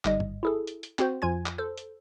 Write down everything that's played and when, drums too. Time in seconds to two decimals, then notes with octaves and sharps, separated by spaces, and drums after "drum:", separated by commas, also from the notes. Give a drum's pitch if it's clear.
0.05 G1 G#2 G3 D#5, drum: clap
0.20 drum: tom G2
0.43 E4 G#4 A4
0.67 drum: hi-hat
0.83 drum: hi-hat
0.99 C4 F#4 C5, drum: clap
1.22 F2 F3 F4 G#5 G#6
1.46 drum: clap
1.58 A4 C5
1.78 drum: hi-hat